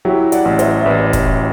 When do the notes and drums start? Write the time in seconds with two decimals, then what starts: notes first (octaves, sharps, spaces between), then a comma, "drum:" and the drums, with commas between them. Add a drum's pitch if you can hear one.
0.05 F#3 E4 G4
0.32 D5 F#5, drum: hi-hat
0.45 A1
0.59 C5 E5, drum: hi-hat
0.80 E5
0.86 A1 B4 D5
1.13 drum: kick, hi-hat